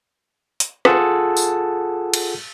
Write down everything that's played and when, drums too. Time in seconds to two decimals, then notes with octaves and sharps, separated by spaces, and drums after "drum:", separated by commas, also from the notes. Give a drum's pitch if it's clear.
0.60 drum: hi-hat
0.85 F4 G#4 A4 F#5 A5, drum: rim click
1.37 drum: tambourine
2.14 drum: cymbal